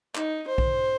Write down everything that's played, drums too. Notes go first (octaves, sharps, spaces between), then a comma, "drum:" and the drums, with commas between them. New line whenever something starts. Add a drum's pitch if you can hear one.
D#4, drum: clap
C5
drum: kick B1